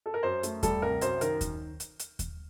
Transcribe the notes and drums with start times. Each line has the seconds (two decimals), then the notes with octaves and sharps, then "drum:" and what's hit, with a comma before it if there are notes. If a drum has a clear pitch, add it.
0.06 A4
0.14 A#4
0.23 F#2 C5
0.43 A3, drum: hi-hat
0.63 G3 A4, drum: kick D#2, hi-hat
0.82 C2 A#4
1.01 F#2 C5, drum: hi-hat
1.21 D#3 A#4, drum: hi-hat
1.41 drum: kick D#2, hi-hat
1.80 drum: hi-hat
2.00 drum: hi-hat
2.19 drum: kick D#2, hi-hat